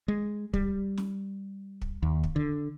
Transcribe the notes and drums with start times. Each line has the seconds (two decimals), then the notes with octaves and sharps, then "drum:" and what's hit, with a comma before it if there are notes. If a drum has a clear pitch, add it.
0.08 G#3
0.54 G3, drum: kick
0.98 drum: snare
1.82 drum: kick
2.03 D#2
2.24 drum: kick
2.36 D3